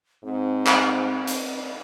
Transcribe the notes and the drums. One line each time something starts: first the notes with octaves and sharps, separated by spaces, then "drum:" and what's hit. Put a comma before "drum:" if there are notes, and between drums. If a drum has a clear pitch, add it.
G#2 C4
drum: clap
drum: hi-hat